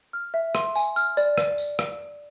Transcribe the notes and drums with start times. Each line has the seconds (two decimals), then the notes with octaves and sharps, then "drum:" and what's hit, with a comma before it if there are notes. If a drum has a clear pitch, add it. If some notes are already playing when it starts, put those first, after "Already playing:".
0.13 F6
0.34 E5
0.55 C6, drum: rim click
0.76 G#5, drum: tambourine
0.96 F6, drum: tambourine
1.17 D5, drum: tambourine
1.38 drum: rim click
1.58 drum: tambourine
1.79 drum: rim click